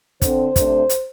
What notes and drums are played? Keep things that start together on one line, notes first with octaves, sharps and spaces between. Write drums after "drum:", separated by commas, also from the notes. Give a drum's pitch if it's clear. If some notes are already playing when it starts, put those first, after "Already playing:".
D3 C4 C5, drum: kick, hi-hat
C3 A3 D4, drum: kick, hi-hat
drum: hi-hat